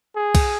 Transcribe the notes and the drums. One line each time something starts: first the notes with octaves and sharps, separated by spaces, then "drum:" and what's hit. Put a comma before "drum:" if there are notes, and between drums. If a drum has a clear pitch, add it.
G#4
drum: kick, cymbal